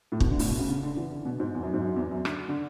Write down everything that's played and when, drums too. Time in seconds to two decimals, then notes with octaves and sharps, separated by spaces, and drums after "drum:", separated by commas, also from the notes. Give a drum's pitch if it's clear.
0.12 A2
0.20 B2, drum: kick
0.30 D3
0.39 A2, drum: open hi-hat
0.49 B2
0.59 C#3
0.69 C#3
0.83 D3
0.97 E3
1.11 D3
1.25 B2
1.40 G#2
1.54 E2
1.63 F#2
1.73 G#2
1.82 F#2
1.96 E2
2.11 F#2
2.25 D3, drum: rim click
2.48 D3